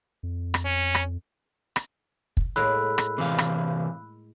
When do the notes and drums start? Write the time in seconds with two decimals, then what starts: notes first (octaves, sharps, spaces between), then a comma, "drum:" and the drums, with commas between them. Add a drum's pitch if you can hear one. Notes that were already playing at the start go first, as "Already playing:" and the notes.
0.23 F2
0.54 drum: rim click
0.65 C#4
0.95 drum: rim click
1.76 drum: rim click
2.37 drum: kick
2.56 A2 G#3 A#3 B5 E6 F#6
2.98 drum: rim click
3.18 C3 E3 F5
3.38 drum: rim click